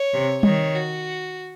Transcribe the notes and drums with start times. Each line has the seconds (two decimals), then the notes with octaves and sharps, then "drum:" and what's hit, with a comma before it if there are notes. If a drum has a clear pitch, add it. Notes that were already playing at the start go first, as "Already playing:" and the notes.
Already playing: C#5
0.13 C3
0.43 D#3 C#5, drum: tom G3
0.75 F#4